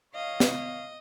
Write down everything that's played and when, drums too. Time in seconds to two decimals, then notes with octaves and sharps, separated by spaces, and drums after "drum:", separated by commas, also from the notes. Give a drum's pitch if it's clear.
0.14 C#5 D#5 F5
0.40 drum: snare